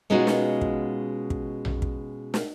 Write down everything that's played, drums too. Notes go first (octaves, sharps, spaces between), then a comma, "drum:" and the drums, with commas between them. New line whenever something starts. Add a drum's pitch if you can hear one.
B2 G#3 C#4 D#4 F4 F#4
drum: snare
drum: kick
drum: kick
drum: tom A#1
drum: kick
drum: snare